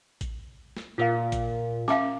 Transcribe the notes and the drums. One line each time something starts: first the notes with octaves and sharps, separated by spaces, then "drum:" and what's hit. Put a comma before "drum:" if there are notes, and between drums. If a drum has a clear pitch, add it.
drum: kick A1, hi-hat
drum: snare
A#2 F4 A#4 F5
drum: kick A1, hi-hat
C#4 E5 F5 A#5 D6, drum: snare